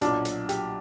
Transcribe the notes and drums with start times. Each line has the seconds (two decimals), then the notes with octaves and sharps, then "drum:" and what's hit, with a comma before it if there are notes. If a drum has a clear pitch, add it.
0.01 B1 A#2 F#3 D4, drum: hi-hat
0.25 drum: hi-hat
0.49 G4, drum: hi-hat